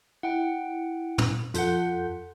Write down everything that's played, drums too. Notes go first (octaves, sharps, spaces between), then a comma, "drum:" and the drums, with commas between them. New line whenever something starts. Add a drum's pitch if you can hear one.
E4 F#5 G5
drum: tom
F2 F4 A4 F#5 G6, drum: hi-hat